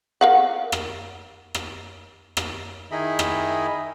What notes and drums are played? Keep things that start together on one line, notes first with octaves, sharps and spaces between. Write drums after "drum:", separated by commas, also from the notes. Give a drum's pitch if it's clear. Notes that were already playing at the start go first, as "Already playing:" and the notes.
A#4 F5 F#5
drum: rim click
drum: rim click
drum: rim click
D#3 D#4 E4 G#4 D#5 B5
drum: rim click